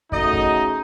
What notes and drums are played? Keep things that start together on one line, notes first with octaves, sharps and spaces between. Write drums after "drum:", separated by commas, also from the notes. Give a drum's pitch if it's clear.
C#3 A3 D#4 F#4 D#5, drum: kick
drum: kick